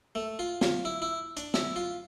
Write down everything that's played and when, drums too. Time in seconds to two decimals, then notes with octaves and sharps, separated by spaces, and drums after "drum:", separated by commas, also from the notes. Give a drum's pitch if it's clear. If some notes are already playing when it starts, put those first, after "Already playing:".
0.15 A3
0.39 F4
0.61 F4, drum: snare
0.85 E4
1.02 E4
1.37 D4, drum: hi-hat
1.54 E4, drum: snare
1.76 F4